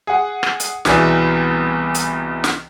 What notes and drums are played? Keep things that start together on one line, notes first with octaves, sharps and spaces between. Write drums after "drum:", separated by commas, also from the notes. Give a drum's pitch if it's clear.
G#4 F#5
drum: rim click
drum: hi-hat
C2 B2 E3 G#4 D5, drum: snare
drum: hi-hat
drum: snare